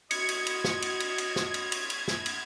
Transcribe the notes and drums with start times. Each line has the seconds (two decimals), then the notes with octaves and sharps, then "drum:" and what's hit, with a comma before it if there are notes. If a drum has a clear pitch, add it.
0.11 F#4 D#5 G#6 C#7, drum: cymbal
0.29 drum: cymbal
0.47 drum: cymbal
0.64 drum: snare
0.82 drum: cymbal
1.00 drum: cymbal
1.18 drum: cymbal
1.36 drum: snare
1.54 drum: cymbal
1.72 drum: cymbal
1.90 drum: cymbal
2.08 drum: snare
2.26 drum: cymbal